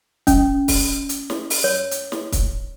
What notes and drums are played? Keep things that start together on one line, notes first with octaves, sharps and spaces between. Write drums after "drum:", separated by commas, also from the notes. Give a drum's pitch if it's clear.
C#4, drum: kick, hi-hat
drum: kick, open hi-hat
drum: hi-hat
drum: snare
drum: open hi-hat
C#5
drum: hi-hat
drum: snare
drum: kick, hi-hat